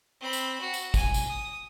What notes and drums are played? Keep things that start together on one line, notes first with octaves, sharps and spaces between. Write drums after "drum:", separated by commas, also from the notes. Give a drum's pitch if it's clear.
C4 B5
drum: tambourine
F#4
drum: tambourine
G#5, drum: kick, tambourine
drum: tambourine
D#6